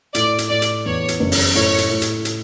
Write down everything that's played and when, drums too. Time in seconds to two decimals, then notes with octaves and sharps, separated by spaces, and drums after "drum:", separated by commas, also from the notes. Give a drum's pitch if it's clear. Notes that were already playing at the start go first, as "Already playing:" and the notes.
0.15 A2 D5, drum: hi-hat
0.38 drum: hi-hat
0.50 A2 D5
0.62 drum: hi-hat
0.86 E2 C#5
1.08 drum: hi-hat
1.20 F#1
1.32 drum: open hi-hat
1.55 A2 C#5
1.78 drum: hi-hat
1.90 A2
2.02 drum: hi-hat
2.25 drum: hi-hat